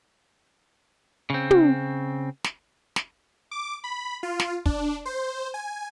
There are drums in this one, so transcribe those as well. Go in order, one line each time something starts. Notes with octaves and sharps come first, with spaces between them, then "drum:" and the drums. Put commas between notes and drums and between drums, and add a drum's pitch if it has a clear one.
C#3 C4
drum: tom
drum: snare
drum: snare
D6
B5
F4
drum: snare
D4, drum: kick
C5
G#5